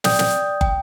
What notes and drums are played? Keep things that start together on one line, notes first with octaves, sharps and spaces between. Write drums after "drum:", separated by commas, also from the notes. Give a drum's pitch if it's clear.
D5 G5 D#6 G6, drum: snare
drum: snare
G5, drum: kick